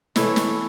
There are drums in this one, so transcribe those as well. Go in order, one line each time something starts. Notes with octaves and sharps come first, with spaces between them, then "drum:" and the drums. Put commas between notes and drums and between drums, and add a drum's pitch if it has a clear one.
E3 A3 E4 C#5, drum: snare
drum: snare